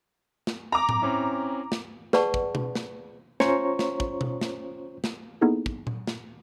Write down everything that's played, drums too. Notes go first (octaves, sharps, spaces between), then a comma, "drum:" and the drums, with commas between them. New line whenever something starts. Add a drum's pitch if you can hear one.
drum: snare
A#5 D6
drum: tom A2
C4 C#4 E4
drum: snare
G#4 B4 D5 F#5 A5 C#6, drum: snare
drum: kick
drum: tom B2
drum: snare
C#4 F4 C5 C#5 A#5 C#6, drum: snare
drum: snare
drum: kick
drum: tom B2
drum: snare
drum: snare
A#3 B3 D#4 E4 G#4 A4
drum: kick
drum: tom A#2
drum: snare